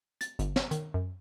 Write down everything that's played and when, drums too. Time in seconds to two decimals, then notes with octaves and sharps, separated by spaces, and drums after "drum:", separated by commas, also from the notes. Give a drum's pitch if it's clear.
0.21 A6, drum: hi-hat
0.39 G1, drum: hi-hat
0.56 drum: snare
0.71 D#3, drum: hi-hat
0.94 F#2